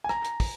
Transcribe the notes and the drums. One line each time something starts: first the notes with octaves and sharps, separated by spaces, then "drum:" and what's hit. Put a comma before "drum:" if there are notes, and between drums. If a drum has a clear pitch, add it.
G#5
A#5, drum: rim click
drum: hi-hat
drum: kick, open hi-hat